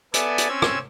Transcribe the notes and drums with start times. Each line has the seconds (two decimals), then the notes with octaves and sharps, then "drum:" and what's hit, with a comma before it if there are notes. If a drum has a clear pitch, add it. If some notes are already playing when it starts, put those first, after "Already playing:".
0.14 B3 A4 D5 E5 G#5, drum: hi-hat
0.38 drum: hi-hat
0.49 C4 C#4 E6 G#6
0.62 drum: rim click